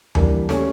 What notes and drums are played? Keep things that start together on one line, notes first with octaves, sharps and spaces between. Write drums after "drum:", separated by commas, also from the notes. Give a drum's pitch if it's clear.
E3 G3 A#3 D4, drum: tom D#2
A3 C#4 G4, drum: snare